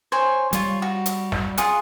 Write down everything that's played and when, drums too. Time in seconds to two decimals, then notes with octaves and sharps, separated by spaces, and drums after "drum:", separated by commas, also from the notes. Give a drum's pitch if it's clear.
0.12 C5 C#5 G#5
0.53 G3 F4 C#5, drum: hi-hat
0.82 F#4
1.06 drum: hi-hat
1.32 drum: snare
1.58 F4 G#4 F#5, drum: hi-hat